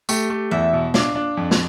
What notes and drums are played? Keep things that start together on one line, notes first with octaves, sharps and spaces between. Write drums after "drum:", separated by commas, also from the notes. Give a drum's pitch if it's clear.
A3 G4, drum: tambourine
A3
E2 E5
B2
D4 F5, drum: snare
D4
F2
drum: snare